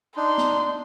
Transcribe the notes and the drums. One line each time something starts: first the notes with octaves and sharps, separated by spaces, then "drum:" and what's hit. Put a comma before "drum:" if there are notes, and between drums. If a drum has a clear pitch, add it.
D4 D#4 C6
drum: snare B3